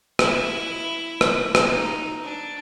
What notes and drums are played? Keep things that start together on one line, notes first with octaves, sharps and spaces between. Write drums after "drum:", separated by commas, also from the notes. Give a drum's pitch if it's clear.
E4, drum: rim click
drum: rim click
drum: rim click
D#4
D4